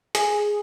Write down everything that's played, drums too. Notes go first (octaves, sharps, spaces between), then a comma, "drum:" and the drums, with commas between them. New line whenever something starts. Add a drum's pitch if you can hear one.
G#4, drum: hi-hat